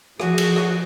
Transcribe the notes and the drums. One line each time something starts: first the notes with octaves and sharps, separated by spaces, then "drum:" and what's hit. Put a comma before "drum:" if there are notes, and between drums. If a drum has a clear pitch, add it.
F3 F#4 G#4, drum: rim click
drum: cymbal
drum: rim click